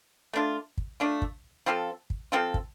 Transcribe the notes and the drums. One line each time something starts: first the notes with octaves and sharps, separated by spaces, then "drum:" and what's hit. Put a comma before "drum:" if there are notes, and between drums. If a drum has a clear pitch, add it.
A3 D4 F4
drum: kick
A3 D4 F4
drum: kick
F3 C4 F4 A4
drum: kick
F3 C4 F4 A4
drum: kick